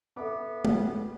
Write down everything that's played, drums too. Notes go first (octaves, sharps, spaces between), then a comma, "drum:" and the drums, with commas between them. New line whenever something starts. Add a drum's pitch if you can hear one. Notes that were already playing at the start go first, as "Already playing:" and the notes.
B3 A4 E5 D6
drum: tom